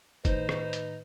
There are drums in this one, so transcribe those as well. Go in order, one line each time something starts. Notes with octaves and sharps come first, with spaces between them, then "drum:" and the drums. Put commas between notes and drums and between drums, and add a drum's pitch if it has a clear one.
A2 D#3 D#4 B4 C5, drum: kick, hi-hat
drum: rim click
drum: hi-hat